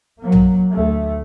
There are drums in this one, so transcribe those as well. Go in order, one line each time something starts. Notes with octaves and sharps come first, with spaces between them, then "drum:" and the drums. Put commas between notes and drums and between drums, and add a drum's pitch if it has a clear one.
F#3 A#3
drum: tom B1
D2 A3